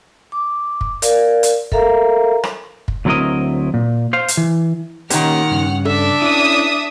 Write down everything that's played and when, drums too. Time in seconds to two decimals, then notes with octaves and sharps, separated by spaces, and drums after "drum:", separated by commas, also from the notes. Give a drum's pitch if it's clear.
0.32 D6
0.81 drum: kick
1.02 A#4 D5 F5, drum: hi-hat
1.43 drum: hi-hat
1.72 A4 A#4 E5 F5 A#5, drum: kick
2.43 drum: rim click
2.88 drum: kick
3.05 D2 F#3 C4 E4 A#4 D#5
3.74 A#2
4.13 C5 F5
4.28 drum: hi-hat
4.37 E3
5.10 A#2 D#3 A#3 C#4 G4 F#5 F6, drum: hi-hat
5.51 G2 C#3
5.85 D4 A4 E5
6.22 C#4 E4 D#6